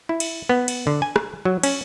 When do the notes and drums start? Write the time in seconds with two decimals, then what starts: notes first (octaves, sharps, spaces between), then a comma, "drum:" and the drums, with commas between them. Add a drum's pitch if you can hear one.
0.09 E4
0.20 drum: cymbal
0.49 B3
0.68 drum: cymbal
0.87 D3
1.02 G#5
1.16 drum: rim click
1.45 F#3
1.63 C#4, drum: cymbal